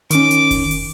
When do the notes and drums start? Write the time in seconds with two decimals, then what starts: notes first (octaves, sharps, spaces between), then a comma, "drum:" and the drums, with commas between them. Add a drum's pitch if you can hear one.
0.11 D#3 C#4 D6, drum: hi-hat
0.31 drum: hi-hat
0.51 drum: kick F1, open hi-hat
0.71 drum: open hi-hat